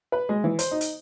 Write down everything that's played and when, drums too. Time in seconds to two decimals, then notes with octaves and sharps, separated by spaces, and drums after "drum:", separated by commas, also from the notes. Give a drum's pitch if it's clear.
0.12 B4
0.29 G#3
0.44 E3
0.59 C5, drum: hi-hat
0.71 D#4
0.81 drum: hi-hat